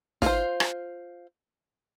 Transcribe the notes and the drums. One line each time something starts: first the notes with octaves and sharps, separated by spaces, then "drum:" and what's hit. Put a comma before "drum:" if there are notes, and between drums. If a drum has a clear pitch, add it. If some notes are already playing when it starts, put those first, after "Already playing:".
F4 C5, drum: snare
drum: rim click